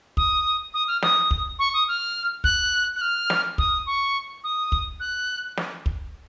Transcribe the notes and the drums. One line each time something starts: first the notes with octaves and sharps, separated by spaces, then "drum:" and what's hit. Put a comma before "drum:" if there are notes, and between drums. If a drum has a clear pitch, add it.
D#6, drum: kick
D#6
F6
D#6, drum: snare
drum: kick
C#6
D#6
F6
F#6, drum: kick
F#6
F6
drum: snare
D#6, drum: kick
C#6
D#6
drum: kick
F#6
drum: snare
drum: kick